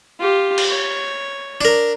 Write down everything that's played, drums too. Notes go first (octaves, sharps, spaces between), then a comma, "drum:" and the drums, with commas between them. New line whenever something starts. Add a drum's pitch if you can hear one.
F4 G4
drum: cymbal
C#5
D4 A#4